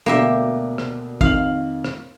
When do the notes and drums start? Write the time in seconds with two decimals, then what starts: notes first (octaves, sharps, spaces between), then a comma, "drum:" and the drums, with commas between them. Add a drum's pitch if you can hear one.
0.06 D2 B2 A#3 D4 G4 E5
0.78 drum: rim click
1.21 F2 D#3 F5 F#7, drum: kick
1.84 drum: rim click